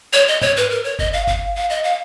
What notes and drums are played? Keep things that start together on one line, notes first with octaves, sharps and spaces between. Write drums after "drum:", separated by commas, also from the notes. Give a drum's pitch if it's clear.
C#5
D#5
C#5, drum: tom
B4
A#4
C#5
D#5, drum: kick G1
F5
F5, drum: kick G1
F5
D#5
F5